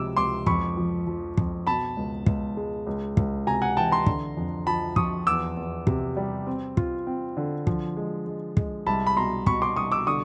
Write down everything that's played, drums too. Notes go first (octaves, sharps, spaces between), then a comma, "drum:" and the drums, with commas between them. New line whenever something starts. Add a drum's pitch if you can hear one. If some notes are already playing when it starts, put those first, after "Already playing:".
Already playing: C#2 C3 F3 D6 E6
C#2 C6 D6
F2 B5 C#6, drum: kick
F3
F3
F2, drum: kick
B2 A5 B5
C#2
C#2, drum: kick
G#3
C#2
C#2, drum: kick
C3 G#5 A#5
F#5 G#5
E3 G5 A5
A#5 C6
D3, drum: kick
F2
F3 A5 B5
F3 C#6 D#6, drum: kick
E2 D6 E6
E2
C3, drum: kick
G3
C4
F4, drum: kick
C4
D3
F3, drum: kick
G#3
G#3
G#3, drum: kick
C2 A5 B5
B5
B2 A#5 C6
B2 B5 C#6, drum: kick
C6 D6
C2 C#6 D#6
D6 E6
D3 C#6 D#6